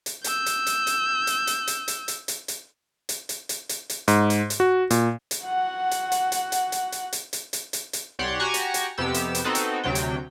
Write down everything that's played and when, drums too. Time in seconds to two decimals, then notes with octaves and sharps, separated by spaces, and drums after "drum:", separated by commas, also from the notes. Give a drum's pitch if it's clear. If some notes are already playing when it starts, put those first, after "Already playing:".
0.06 drum: hi-hat
0.24 E6 G6, drum: hi-hat
0.46 drum: hi-hat
0.67 drum: hi-hat
0.87 drum: hi-hat
1.27 drum: hi-hat
1.47 drum: hi-hat
1.67 drum: hi-hat
1.88 drum: hi-hat
2.08 drum: hi-hat
2.28 drum: hi-hat
2.48 drum: hi-hat
3.09 drum: hi-hat
3.29 drum: hi-hat
3.49 drum: hi-hat
3.69 drum: hi-hat
3.90 drum: hi-hat
4.08 G#2, drum: hi-hat
4.30 drum: hi-hat
4.50 drum: hi-hat
4.60 F#4
4.90 A#2, drum: hi-hat
5.31 drum: hi-hat
5.44 F#4 F#5
5.91 drum: hi-hat
6.12 drum: hi-hat
6.32 drum: hi-hat
6.52 drum: hi-hat
6.72 drum: hi-hat
6.92 drum: hi-hat
7.13 drum: hi-hat
7.33 drum: hi-hat
7.53 drum: hi-hat
7.73 drum: hi-hat
7.93 drum: hi-hat
8.19 C2 G4 C#5 D5 F#5 C6
8.39 F#4 G4 G#5 A#5 C#6
8.54 drum: hi-hat
8.74 drum: hi-hat
8.98 F2 C3 B3 G4 E6
9.14 drum: hi-hat
9.35 drum: hi-hat
9.44 B3 C4 D#4 F#4 A4
9.55 drum: hi-hat
9.84 D2 C3 F#3 G5
9.95 drum: hi-hat